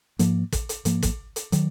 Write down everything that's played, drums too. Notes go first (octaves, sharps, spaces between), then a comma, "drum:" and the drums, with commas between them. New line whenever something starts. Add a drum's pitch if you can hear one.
G#2 F3 A#3, drum: hi-hat
drum: kick, hi-hat
drum: hi-hat
G#2 F3 A#3, drum: hi-hat
drum: kick, hi-hat
drum: hi-hat
D#3 F#3, drum: hi-hat